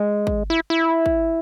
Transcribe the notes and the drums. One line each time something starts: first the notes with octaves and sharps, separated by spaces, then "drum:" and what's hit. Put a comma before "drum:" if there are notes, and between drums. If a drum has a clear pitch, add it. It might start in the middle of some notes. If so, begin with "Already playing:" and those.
Already playing: G#3
drum: kick
E4
E4
drum: kick